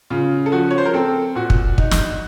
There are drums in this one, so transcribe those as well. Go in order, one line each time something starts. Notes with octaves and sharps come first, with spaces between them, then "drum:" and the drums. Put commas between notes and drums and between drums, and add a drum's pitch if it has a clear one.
C#3 F4
A4
F3 F#4
C#5
C5
A#4
C4 A4
A#2 F#4
drum: kick
D#4, drum: kick
drum: snare